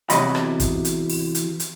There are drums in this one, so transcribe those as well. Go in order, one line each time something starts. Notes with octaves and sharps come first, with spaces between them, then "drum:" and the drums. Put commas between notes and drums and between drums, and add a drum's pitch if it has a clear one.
E2 C3 F#3 D#5 B5, drum: hi-hat
drum: rim click
drum: kick, hi-hat
drum: hi-hat
drum: open hi-hat
drum: hi-hat
drum: hi-hat